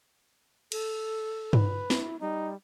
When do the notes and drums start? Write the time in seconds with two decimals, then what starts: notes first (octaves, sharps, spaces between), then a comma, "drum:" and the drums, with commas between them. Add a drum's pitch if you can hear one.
0.72 A4, drum: cymbal
1.53 B4, drum: tom G2
1.90 E4, drum: snare
2.21 G3 D#4